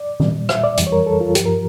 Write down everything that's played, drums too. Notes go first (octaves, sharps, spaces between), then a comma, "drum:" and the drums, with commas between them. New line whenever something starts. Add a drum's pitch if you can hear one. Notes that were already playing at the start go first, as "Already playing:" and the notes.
Already playing: D5
A#2 G3, drum: tom D#3
E5, drum: rim click
D5
F2 E3 G3, drum: hi-hat
C#5
A#4
A4
F4
G2 F3 G4, drum: hi-hat
A#4